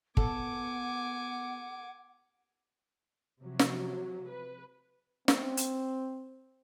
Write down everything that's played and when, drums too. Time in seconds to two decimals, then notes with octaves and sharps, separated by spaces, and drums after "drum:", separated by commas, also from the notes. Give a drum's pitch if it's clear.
0.17 B3 A4 F#5 G#5 D6, drum: kick G1
3.41 C3 F3 F#3
3.59 drum: snare
4.29 B4
5.28 C4, drum: snare
5.57 drum: hi-hat